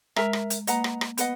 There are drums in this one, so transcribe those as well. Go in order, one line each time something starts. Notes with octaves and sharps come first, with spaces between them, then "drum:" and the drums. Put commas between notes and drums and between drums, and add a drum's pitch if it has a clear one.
G#3 A#4 E5 A#5, drum: rim click
drum: rim click
drum: hi-hat
A#3 B4 D#5 F#5 A#5, drum: hi-hat
drum: rim click
drum: rim click
B3 B4 D#5 F#5, drum: hi-hat